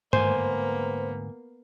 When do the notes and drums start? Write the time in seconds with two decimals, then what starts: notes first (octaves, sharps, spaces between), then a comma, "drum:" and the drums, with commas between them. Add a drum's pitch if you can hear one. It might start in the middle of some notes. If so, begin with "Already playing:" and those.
0.13 D2 G#2 A#3 B3 C5 G#5, drum: tom